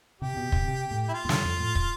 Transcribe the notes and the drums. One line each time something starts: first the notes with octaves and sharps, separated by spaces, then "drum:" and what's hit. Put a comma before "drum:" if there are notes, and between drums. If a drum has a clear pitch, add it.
C3 G4
B2
C3, drum: kick
C3
A2
E4
F4
A2
G2, drum: snare
F2
A2
drum: kick